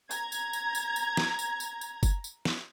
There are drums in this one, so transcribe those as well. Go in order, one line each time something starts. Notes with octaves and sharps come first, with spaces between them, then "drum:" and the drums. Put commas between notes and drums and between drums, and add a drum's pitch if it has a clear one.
A#5 G#6, drum: tambourine
drum: tambourine
drum: tambourine
drum: tambourine
drum: tambourine
drum: snare
drum: tambourine
drum: tambourine
drum: tambourine
drum: kick F#1, tambourine
drum: tambourine
drum: snare